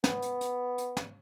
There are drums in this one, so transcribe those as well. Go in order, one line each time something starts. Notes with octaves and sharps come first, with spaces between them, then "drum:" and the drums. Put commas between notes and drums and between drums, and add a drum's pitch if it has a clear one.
B3, drum: snare
drum: hi-hat
drum: hi-hat
drum: hi-hat
drum: snare